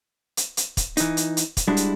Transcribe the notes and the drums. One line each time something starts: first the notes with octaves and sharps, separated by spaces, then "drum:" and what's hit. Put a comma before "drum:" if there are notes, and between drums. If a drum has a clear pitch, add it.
drum: hi-hat
drum: hi-hat
drum: kick, hi-hat
E3 D#4, drum: hi-hat
drum: hi-hat
drum: hi-hat
drum: kick, hi-hat
G3 G#3 D4 E4 F#4
drum: hi-hat